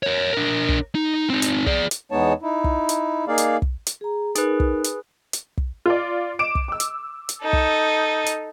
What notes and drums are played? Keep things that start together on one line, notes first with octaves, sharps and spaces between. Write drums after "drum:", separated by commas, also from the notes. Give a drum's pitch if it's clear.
A#4 C#5
D4 A#4
drum: kick
D#4
C4 D#4
drum: hi-hat
G#4 D5, drum: kick
drum: hi-hat
E2 G#3 B3 D#4 C#5 A5
D#4 E4
drum: kick
drum: hi-hat
A#3 D#4 G#4 D5 F5
drum: hi-hat
drum: kick
drum: hi-hat
G#4 A#5
D#4 G#4 A#4 B4, drum: hi-hat
drum: kick
drum: hi-hat
drum: hi-hat
drum: kick
F4 D5
D6 D7 E7
drum: kick
D6 E6
drum: hi-hat
drum: hi-hat
D#4 A4
drum: kick
drum: hi-hat